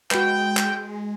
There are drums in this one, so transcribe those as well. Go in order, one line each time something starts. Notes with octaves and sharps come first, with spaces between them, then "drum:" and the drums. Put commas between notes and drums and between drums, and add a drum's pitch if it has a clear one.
G#3 F#4 B4 G5 G6, drum: clap
drum: clap